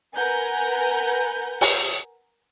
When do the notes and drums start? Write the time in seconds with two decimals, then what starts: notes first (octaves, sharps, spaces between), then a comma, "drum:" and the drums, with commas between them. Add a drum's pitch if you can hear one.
0.15 A#4 B4 F#5 G#5 A#5 G6
1.61 drum: open hi-hat